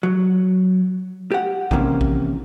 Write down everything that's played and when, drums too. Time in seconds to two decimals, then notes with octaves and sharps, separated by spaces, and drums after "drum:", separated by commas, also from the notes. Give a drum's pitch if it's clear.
0.03 F#3
1.32 G4 F#5
1.71 C3 D#3 E3 A#3 C#4, drum: kick A#1
2.01 drum: kick A#1